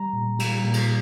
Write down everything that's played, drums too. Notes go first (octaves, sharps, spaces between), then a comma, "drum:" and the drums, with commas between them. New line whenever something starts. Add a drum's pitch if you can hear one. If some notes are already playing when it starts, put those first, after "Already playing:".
Already playing: G3 A#5
A#2
G3, drum: cymbal
A#2
drum: cymbal